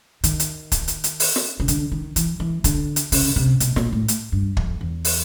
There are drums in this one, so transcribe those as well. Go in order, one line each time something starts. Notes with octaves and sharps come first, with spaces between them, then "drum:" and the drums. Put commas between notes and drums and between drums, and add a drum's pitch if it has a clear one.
D#3, drum: hi-hat
drum: hi-hat
drum: kick, hi-hat
drum: hi-hat
drum: hi-hat
drum: open hi-hat
drum: snare
C#3
D3, drum: hi-hat
D#3
E3, drum: hi-hat
E3
D3, drum: kick, hi-hat
drum: hi-hat
C#3, drum: open hi-hat
C3
B2, drum: hi-hat
A#2, drum: snare
A2
drum: hi-hat
G2
F2, drum: kick
E2
drum: open hi-hat